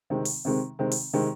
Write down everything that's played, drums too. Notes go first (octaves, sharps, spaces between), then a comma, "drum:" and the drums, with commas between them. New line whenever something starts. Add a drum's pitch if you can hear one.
C3 D#3 G#3 C4
drum: open hi-hat
C3 D#3 G#3 C4
C3 D#3 G#3 C4
drum: open hi-hat
C3 D#3 G#3 C4